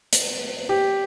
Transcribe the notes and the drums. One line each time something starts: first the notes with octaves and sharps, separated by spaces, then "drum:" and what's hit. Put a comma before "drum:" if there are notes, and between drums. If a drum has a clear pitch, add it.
drum: hi-hat
G4